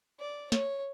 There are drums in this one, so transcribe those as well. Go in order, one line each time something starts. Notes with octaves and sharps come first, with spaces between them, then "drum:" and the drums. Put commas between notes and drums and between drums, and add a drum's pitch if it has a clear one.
D5
C#5, drum: snare